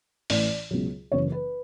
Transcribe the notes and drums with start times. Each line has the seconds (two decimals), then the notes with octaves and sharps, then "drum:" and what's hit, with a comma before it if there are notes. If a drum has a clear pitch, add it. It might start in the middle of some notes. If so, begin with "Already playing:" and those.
0.30 A1 A2 E3 D5, drum: open hi-hat
0.71 C#2 B2 F#3
1.12 F#1 F#2 E3 C#5
1.32 B4